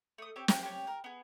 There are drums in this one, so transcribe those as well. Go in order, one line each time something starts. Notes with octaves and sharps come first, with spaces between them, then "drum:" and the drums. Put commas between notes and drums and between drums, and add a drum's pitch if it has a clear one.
A3 D#6
C4 G4 C#5
G4 A#4 C5, drum: snare
G4 A#4 C#5
A#4
B3 G#4